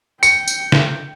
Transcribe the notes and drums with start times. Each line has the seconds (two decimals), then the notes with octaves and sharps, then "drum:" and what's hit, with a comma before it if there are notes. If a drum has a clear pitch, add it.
0.23 G5 C#7, drum: tambourine
0.48 drum: tambourine
0.72 drum: snare C#3